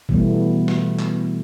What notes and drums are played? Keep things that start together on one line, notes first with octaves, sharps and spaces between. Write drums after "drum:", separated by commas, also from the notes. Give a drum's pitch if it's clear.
B2 E3 G3 A3 B3, drum: kick G#1
drum: snare
drum: clap